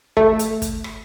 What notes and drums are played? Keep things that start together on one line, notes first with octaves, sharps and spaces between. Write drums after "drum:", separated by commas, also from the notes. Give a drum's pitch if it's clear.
A3, drum: kick
drum: hi-hat
drum: kick, hi-hat
drum: rim click